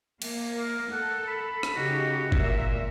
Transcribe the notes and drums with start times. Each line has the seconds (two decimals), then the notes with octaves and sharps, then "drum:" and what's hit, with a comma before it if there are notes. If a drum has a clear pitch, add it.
0.22 A#3, drum: cymbal
0.56 A#4
0.92 A4 F#5
1.28 B5
1.63 drum: rim click
1.75 C#3 D#4 F#4 G4
2.32 A#2 A#4 E5, drum: kick